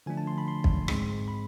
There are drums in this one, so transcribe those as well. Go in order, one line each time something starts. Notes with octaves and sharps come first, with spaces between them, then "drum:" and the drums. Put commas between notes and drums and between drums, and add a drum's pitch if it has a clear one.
D3 F3 A3 D4 G#5
A5
C6
B5
C6
drum: kick
G#2 G#3 C4, drum: rim click
B5